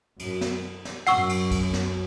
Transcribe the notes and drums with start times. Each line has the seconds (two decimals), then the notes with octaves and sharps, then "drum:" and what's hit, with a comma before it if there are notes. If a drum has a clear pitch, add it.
0.20 F#2, drum: cymbal
0.41 drum: snare
0.85 drum: snare
1.07 F#2 F#5 C#6 E6, drum: cymbal
1.29 drum: cymbal
1.51 drum: kick, cymbal
1.73 drum: snare